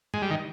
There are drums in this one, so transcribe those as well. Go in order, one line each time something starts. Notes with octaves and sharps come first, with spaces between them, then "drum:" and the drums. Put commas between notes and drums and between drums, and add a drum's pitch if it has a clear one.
G#3, drum: tom G2
G3
D#3